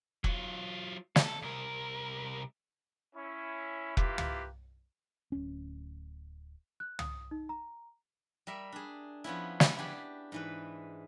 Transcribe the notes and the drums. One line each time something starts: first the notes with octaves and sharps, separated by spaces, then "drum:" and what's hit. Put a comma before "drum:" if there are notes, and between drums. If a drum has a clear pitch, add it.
F#3 F4, drum: kick F1
A4, drum: snare
C2 A#4
C#4 E4
A#3 E4 F4 G4 B4, drum: kick F1
drum: tom
D1 C#4
F#6
D#6, drum: tom
D#4
A#5
G3 A#4 E5
D4 G#4
F3 B3 C#4 E4
drum: snare
D4 G4 G#5 B5
G#2 E3 B4